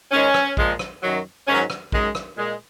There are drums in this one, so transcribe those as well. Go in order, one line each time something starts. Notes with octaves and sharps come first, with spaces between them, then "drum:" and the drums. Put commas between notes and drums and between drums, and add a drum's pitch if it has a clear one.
G#2 D#3 G#3 C#4
drum: rim click
A#2 F3 G#3, drum: kick A#1
drum: rim click
F#2 D#3 F#3
G#2 D#3 F#3 C#4
drum: rim click
F#2 D#3 G#3, drum: kick A#1
drum: rim click
A#2 G#3